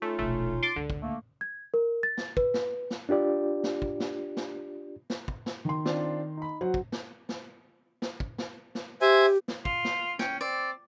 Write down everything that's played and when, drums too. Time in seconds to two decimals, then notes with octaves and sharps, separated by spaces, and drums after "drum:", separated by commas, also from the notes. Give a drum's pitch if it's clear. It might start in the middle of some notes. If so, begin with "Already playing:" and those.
0.02 A3 C#4 D#4 F4
0.19 E1 A#1 A3
0.63 C6 D6 A6
0.76 C#2 D3
0.90 drum: kick
1.02 A3 A#3
1.41 G#6
1.74 A#4
2.03 A6
2.17 drum: snare
2.37 B4, drum: kick
2.54 drum: snare
2.91 drum: snare
3.09 D4 F4 G4 D5
3.64 drum: snare
3.82 drum: kick
4.00 drum: snare
4.37 drum: snare
5.10 drum: snare
5.28 drum: kick
5.46 drum: snare
5.65 D#3 C6
5.86 C4 D4 F4, drum: snare
6.37 D#4 B5
6.61 F#3 C5 F#5
6.74 drum: kick
6.92 drum: snare
7.29 drum: snare
8.02 drum: snare
8.20 drum: kick
8.38 drum: snare
8.75 drum: snare
9.01 G4 C5 E5 G#5
9.48 drum: snare
9.65 F4, drum: kick
9.85 drum: snare
10.19 C#4 G5, drum: snare
10.41 C4 D5